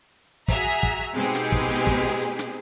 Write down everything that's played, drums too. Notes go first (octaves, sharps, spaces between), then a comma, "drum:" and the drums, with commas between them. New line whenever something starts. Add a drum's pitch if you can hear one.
F#4 G#4 E5 A#5, drum: kick
drum: kick
B2 G#3 C4 D#4 G4 G#4
drum: snare
drum: kick
drum: kick
drum: snare